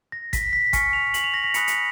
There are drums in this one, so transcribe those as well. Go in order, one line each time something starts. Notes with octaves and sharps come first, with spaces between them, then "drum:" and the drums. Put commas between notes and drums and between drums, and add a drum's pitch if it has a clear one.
A#6
B6, drum: kick G#1, hi-hat
B6
G#5 C#6 F6 C#7, drum: kick G#1, hi-hat
F7
F#7, drum: hi-hat
F7
A#6
B6
G#5 B5 D#6 F#6 C#7, drum: hi-hat
drum: hi-hat